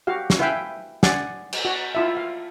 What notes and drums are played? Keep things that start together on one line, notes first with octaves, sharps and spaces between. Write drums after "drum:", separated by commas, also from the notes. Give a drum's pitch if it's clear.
F#4 G4 F5
drum: snare
E4 B4 E5 F5 G5 G#5
D5 F#5 G#5, drum: snare
drum: cymbal
F#4
E4 F4 E5
F5